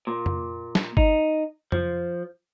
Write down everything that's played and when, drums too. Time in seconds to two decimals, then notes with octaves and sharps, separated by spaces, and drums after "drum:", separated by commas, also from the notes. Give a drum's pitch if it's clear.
0.07 A#2
0.26 drum: tom F2
0.75 drum: snare
0.97 D#4, drum: kick G1
1.72 F3, drum: tom F2